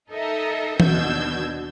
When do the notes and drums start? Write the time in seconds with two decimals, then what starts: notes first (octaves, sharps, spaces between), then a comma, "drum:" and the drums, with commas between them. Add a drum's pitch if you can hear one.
0.11 D#4 A4 A#4 D#5 E5
0.80 D#2 B2 D4 E6 G6 G#6, drum: tom E3